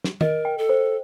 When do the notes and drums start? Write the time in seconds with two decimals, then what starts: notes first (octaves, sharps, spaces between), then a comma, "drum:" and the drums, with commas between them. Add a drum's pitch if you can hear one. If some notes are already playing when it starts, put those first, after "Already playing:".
0.04 drum: snare
0.21 A#4 D#5, drum: tom
0.45 G5
0.58 A4
0.69 C5